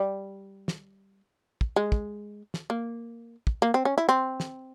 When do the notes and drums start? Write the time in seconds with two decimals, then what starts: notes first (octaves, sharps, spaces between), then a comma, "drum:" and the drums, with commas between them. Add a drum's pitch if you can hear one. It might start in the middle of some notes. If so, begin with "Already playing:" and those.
Already playing: G3
0.68 drum: snare
1.61 drum: kick
1.76 G#3
1.92 drum: kick
2.54 drum: snare
2.70 A#3
3.47 drum: kick
3.62 A#3
3.74 C4
3.85 C#4
3.98 E4
4.09 C4
4.40 drum: snare